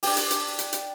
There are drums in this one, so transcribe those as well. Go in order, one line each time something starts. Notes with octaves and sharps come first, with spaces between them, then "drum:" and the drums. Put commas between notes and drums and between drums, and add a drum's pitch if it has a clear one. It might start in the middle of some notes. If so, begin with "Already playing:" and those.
D4 G4, drum: open hi-hat
drum: hi-hat
drum: hi-hat
drum: hi-hat
drum: hi-hat